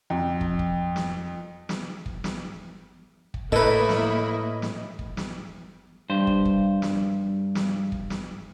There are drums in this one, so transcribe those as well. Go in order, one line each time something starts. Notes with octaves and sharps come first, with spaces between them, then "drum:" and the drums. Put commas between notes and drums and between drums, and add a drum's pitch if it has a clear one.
F2
drum: kick
drum: kick
drum: snare
drum: snare
drum: kick
drum: snare
drum: kick
A2 A#3 E4 A4 B4 D#5, drum: kick
drum: snare
drum: snare
drum: kick
drum: snare
G2 C5
drum: kick
drum: kick
drum: snare
drum: snare
drum: kick
drum: snare